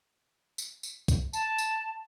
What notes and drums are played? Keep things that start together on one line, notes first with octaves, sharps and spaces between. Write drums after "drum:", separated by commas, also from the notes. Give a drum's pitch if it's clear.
drum: tambourine
drum: tambourine
drum: kick, tambourine
A5, drum: tambourine
drum: tambourine